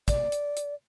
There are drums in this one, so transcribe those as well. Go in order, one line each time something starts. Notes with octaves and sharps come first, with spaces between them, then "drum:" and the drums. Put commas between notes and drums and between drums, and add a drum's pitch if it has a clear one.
D5, drum: kick, hi-hat
drum: hi-hat
drum: hi-hat